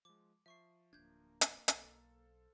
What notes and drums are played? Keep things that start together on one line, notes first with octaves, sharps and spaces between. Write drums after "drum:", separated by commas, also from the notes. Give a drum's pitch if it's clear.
F3 G#3 D6
F3 E5 C#6 C7
D1 G1 A#3 D4 G6 G#6
drum: hi-hat
B1 A4 C5 F5, drum: hi-hat